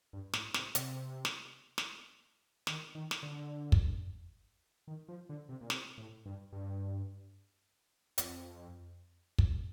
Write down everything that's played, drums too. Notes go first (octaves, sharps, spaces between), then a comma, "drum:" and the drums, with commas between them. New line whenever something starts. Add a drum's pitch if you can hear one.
G2
A2, drum: snare
C3, drum: snare
C3, drum: hi-hat
drum: snare
drum: snare
D#3, drum: snare
D#3
drum: snare
D3
drum: kick
D#3
F3
D3
C3
A#2
C3, drum: snare
A2
G2
G2
F2, drum: hi-hat
drum: kick